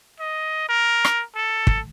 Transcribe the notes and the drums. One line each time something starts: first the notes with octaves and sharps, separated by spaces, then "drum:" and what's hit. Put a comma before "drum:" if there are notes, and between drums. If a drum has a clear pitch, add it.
D#5
A#4
drum: rim click
A4
drum: kick